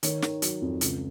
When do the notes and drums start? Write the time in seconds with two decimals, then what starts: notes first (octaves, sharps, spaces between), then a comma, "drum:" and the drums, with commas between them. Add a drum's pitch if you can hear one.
0.03 D#3 C#5, drum: hi-hat
0.22 D#3, drum: snare
0.42 F#3, drum: hi-hat
0.61 F2
0.81 C#2, drum: hi-hat